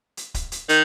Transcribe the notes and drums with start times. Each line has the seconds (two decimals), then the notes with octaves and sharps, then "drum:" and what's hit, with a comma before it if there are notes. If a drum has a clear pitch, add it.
0.17 drum: hi-hat
0.34 drum: kick, hi-hat
0.52 drum: hi-hat
0.69 D#3, drum: hi-hat